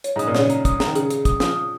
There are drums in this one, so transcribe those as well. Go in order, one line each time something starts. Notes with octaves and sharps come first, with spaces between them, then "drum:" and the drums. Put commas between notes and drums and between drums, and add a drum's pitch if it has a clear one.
C#5, drum: hi-hat
G#2
D#6, drum: hi-hat
A#2
C#3 C#5, drum: snare
A#5, drum: hi-hat
D#6, drum: kick, hi-hat
A#5, drum: snare
D#3
C#3 G#4, drum: hi-hat
G#4, drum: hi-hat
D#6, drum: kick, hi-hat
F3 D#6, drum: snare
D#6